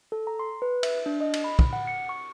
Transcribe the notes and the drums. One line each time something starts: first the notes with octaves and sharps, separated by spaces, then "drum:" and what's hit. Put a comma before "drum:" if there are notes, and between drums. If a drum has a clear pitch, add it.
A4
A#5
C6
B4
E5, drum: cymbal
D4
D#5
drum: cymbal
B5
drum: kick
F#5
C#7
C#6